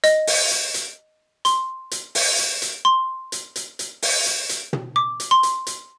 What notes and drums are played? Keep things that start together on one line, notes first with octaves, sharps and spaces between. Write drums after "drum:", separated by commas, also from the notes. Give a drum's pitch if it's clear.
D#5, drum: hi-hat
drum: open hi-hat
drum: hi-hat
drum: hi-hat
C6, drum: hi-hat
drum: hi-hat
drum: open hi-hat
drum: hi-hat
drum: hi-hat
C6
drum: hi-hat
drum: hi-hat
drum: hi-hat
drum: open hi-hat
drum: hi-hat
drum: hi-hat
drum: tom
D6
drum: hi-hat
C6
drum: hi-hat
drum: hi-hat